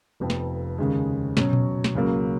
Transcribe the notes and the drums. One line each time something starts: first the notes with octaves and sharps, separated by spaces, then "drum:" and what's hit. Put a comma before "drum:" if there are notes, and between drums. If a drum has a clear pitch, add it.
F1 F2 F3 B3
drum: snare
D#2 C#3 G#3
B2 F#3 C#4, drum: snare
drum: tom A#2
drum: snare
C#2 C#3 F#3 A#3